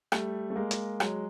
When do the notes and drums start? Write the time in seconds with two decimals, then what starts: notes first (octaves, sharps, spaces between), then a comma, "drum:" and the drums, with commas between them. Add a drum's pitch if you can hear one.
0.12 G3 A3, drum: rim click
0.50 A3
0.56 G#3 A#3
0.71 drum: hi-hat
1.00 F#3 G#3, drum: rim click